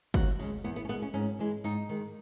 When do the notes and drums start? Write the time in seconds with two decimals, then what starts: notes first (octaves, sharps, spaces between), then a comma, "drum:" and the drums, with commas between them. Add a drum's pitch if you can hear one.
0.14 D#2 F#4, drum: kick
0.39 C#3 G#3
0.64 E2 B3
0.76 B3
0.85 C#4
0.89 B2 G#3 B3
1.02 C#4
1.14 G#2 C#4
1.39 E3 G#3
1.64 G#2 D#4
1.89 D#3 G#3